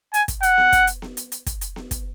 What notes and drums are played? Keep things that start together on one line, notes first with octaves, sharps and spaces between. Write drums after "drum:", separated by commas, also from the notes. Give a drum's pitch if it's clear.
G#5, drum: hi-hat
drum: kick, hi-hat
F#5, drum: hi-hat
drum: snare B3
drum: kick, hi-hat
drum: hi-hat
drum: snare B3
drum: hi-hat
drum: hi-hat
drum: kick, hi-hat
drum: hi-hat
drum: snare B3
drum: kick, hi-hat